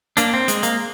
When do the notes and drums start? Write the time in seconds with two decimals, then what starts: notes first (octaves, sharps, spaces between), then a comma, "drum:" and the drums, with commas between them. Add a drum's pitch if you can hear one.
0.17 A#3 D4, drum: hi-hat
0.33 C4
0.48 G#3, drum: hi-hat
0.63 A#3, drum: hi-hat